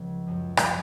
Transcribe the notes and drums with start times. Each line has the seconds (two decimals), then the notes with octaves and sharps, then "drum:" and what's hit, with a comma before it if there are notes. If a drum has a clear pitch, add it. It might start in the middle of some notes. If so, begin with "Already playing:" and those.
Already playing: C#2 C#3 F3
0.27 F#2 F3
0.57 drum: rim click